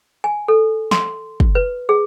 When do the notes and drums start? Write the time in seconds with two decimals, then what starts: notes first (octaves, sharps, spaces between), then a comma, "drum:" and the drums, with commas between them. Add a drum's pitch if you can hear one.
0.24 G#5
0.48 A4
0.91 C6, drum: snare
1.40 drum: kick
1.55 B4
1.89 G#4